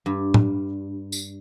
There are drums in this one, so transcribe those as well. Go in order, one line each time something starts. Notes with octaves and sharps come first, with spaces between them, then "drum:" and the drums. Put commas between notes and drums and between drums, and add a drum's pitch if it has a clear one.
G2
drum: tom
drum: tambourine